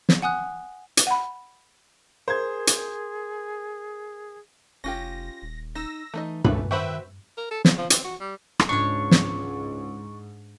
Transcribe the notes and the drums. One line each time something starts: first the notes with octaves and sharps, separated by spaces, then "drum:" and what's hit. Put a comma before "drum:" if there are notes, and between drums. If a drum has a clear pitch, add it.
drum: snare
F#5 G#5 D#6 F#6
drum: hi-hat
F#5 B5
G#4 A#4 C5 G#6
drum: hi-hat
F1 C#4 F4 G4 A#6
D#1
D#4 E6 A#6
E3 A3 D#4 D#5
G#1 C#2 B2 E3 A3 B4 B5, drum: tom G2
D#3 F#4 B4 C5 E5 G5 B5
A#4
A4
F3, drum: snare
F3
C4, drum: hi-hat
F#4
G3
drum: rim click
C#2 G#2 D4 C#5 C#6
drum: snare